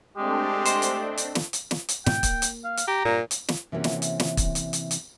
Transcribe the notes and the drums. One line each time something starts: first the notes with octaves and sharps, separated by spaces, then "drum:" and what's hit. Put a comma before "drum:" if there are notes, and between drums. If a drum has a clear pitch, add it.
G#3 A3 C4 D4 G4
C5 D#5, drum: hi-hat
drum: hi-hat
drum: hi-hat
drum: snare
drum: hi-hat
drum: snare
drum: hi-hat
G#2 B2 D3 G5, drum: snare
A#3, drum: kick, hi-hat
drum: hi-hat
F5
drum: hi-hat
G4 A#5
G2 A#2
drum: hi-hat
drum: snare
C3 E3 A#3 C#4 F#4
drum: snare
drum: hi-hat
drum: snare
drum: kick, hi-hat
drum: hi-hat
drum: hi-hat
drum: hi-hat